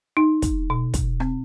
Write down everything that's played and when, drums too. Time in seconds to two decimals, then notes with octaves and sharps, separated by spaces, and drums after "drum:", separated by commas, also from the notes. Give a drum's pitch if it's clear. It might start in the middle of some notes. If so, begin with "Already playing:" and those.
0.17 D#4
0.42 drum: kick, hi-hat
0.70 B2
0.94 drum: kick, hi-hat
1.20 C4, drum: rim click